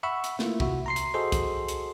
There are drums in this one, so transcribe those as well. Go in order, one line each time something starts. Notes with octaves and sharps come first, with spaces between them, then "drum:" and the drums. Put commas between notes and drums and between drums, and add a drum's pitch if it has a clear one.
E5 F#5 B5 C#6 E6
drum: hi-hat
A3 A#3 E4 F4, drum: snare
C3 F#4 E5, drum: kick
A#5 C6 C7
drum: hi-hat
F#4 G#4 A4 C5 D#5 C6
drum: kick, hi-hat
drum: hi-hat